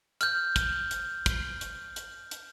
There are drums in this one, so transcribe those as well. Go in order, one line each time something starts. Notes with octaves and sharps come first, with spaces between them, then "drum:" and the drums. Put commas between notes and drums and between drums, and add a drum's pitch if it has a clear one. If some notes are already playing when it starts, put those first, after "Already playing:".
F6 G6, drum: hi-hat
drum: kick, hi-hat
drum: hi-hat
drum: kick, hi-hat
drum: hi-hat
drum: hi-hat
drum: hi-hat